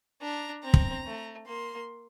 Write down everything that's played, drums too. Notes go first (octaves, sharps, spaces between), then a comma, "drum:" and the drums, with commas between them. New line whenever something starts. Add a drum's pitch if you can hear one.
D4 A#5
C4 A#5
drum: kick
A3
A#3 C6